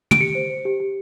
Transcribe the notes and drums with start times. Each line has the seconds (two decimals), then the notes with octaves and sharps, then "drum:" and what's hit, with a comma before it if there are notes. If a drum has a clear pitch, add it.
0.11 D7, drum: tom
0.20 G4 C#7
0.35 C5
0.50 C5
0.65 G4
0.80 G4